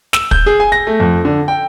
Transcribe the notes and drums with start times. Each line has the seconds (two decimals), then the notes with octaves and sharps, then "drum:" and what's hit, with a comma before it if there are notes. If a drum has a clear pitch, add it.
0.13 E6, drum: snare
0.31 G6, drum: kick
0.46 G#4
0.60 G#5
0.72 A#6
0.87 A3
1.00 F2
1.25 D3
1.48 G5